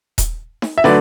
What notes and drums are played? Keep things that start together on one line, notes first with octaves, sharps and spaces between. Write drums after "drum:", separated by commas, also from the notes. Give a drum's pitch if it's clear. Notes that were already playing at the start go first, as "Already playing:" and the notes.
drum: kick D#1, hi-hat
drum: snare
E5
D3 F#3 A3 B4 D5, drum: snare